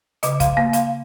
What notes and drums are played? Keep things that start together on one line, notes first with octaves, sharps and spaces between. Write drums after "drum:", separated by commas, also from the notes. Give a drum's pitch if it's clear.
C#3 D#5, drum: hi-hat
F5, drum: kick, hi-hat
A#3 F5
F5, drum: hi-hat